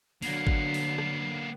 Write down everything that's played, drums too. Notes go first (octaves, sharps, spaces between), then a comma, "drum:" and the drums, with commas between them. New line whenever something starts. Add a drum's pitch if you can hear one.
D3 F#3 A#3 B3 C7, drum: open hi-hat
drum: kick
drum: open hi-hat
drum: rim click